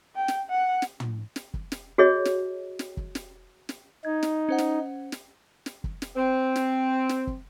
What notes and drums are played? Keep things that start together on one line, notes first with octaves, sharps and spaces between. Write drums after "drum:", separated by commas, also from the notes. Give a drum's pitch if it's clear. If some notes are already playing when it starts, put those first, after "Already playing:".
G5
drum: snare
F#5
drum: snare
drum: tom
drum: snare
drum: kick
drum: snare
F#4 G#4 C#5 D#5
drum: snare
drum: snare
drum: kick
drum: snare
drum: snare
D#4 G#6
drum: snare
C#4 C5 F#5
drum: snare
drum: snare
drum: snare
drum: kick
drum: snare
C4
drum: snare
drum: snare
drum: kick